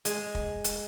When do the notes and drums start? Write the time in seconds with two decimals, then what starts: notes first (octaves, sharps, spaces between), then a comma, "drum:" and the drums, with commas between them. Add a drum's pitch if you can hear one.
0.05 G#3, drum: hi-hat
0.35 drum: kick
0.64 drum: hi-hat